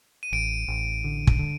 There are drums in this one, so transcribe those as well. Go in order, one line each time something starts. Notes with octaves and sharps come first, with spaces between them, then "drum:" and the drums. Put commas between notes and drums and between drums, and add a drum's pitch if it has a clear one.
D#7
A1 D7
A1
D3
drum: kick
D3